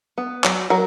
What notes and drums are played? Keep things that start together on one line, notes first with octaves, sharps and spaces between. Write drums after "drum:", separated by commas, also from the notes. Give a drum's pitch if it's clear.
B3
F#3, drum: clap
F#3 F#4 A#4